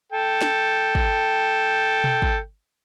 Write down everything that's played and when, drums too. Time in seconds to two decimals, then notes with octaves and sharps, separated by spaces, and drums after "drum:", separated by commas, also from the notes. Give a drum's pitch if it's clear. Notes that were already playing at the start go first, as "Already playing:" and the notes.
0.12 A4 G5
0.41 drum: snare
0.95 drum: kick
2.04 drum: tom B2
2.22 drum: kick